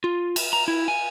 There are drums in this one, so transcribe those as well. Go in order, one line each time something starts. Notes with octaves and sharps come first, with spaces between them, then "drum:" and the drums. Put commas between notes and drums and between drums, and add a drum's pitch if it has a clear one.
F4
drum: cymbal
A#5
E4
G#5